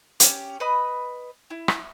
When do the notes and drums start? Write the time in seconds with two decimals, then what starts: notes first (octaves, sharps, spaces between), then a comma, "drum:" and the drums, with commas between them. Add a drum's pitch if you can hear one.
0.20 C#4 G4, drum: hi-hat
0.60 B4 D#5 B5 D#6
1.50 E4
1.68 drum: rim click